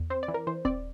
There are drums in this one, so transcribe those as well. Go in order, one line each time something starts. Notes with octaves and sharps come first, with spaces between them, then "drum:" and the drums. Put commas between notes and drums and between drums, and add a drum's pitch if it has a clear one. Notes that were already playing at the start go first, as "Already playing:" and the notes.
Already playing: E2
C4 C5
D5
E3
A#4
E3 C5
C4 D5, drum: kick D#1